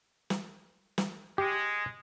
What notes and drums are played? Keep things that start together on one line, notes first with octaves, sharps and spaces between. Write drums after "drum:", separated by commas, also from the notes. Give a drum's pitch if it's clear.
drum: snare
drum: snare
G#3 G4